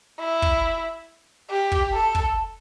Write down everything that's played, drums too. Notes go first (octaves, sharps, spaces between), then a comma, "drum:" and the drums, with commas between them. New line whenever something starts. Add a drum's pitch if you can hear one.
E4
drum: kick
G4
drum: kick
A4
drum: kick